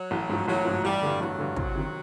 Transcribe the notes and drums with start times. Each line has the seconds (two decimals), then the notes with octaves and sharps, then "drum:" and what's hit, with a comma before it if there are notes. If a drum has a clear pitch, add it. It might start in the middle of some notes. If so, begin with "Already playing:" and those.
Already playing: F#3
0.11 A1
0.29 G#2 F3
0.47 A1 F#3
0.65 G#2 F3
0.84 A1 G3
1.02 G2 D3
1.20 A1 F#3
1.38 G2 D3
1.56 C2, drum: kick
1.75 C3 D#3